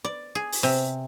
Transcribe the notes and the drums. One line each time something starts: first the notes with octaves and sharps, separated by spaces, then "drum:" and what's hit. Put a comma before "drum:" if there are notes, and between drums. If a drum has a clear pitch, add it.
D5
G#4
drum: open hi-hat
C3